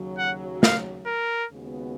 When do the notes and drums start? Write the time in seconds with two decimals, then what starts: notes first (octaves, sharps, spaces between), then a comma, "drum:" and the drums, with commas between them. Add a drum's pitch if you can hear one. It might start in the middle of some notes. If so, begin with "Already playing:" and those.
Already playing: D#2 C#3 F#3
0.18 F#5
0.63 F5, drum: snare
1.06 A#4
1.50 D#2 C#3 G#3 B3 F#4